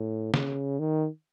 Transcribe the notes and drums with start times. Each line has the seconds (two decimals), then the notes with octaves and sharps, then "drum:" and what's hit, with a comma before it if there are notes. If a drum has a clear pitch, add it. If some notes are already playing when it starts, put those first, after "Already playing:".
Already playing: A2
0.34 C#3, drum: snare
0.79 D#3